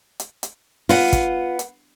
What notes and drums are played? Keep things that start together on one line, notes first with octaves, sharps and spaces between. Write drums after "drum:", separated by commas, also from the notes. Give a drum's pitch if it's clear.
drum: hi-hat
drum: hi-hat
B3 F4 B4 F#5, drum: open hi-hat
drum: kick, hi-hat
drum: hi-hat